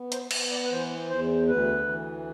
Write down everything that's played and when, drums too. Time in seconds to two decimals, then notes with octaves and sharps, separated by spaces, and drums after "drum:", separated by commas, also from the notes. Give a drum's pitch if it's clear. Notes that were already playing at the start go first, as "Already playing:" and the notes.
Already playing: B3
0.12 C5, drum: hi-hat
0.31 B3, drum: cymbal
0.51 D5
0.64 B4
0.70 E3 C5
1.09 E2 C5
1.48 D2 B4
1.88 E3